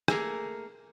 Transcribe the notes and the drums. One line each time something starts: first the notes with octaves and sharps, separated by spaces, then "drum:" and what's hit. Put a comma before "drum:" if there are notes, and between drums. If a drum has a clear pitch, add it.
A3 A#3 G#4 A#4, drum: rim click